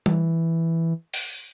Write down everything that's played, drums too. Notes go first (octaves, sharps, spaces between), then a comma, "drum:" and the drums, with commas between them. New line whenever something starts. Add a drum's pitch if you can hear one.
E3, drum: tom G3
drum: open hi-hat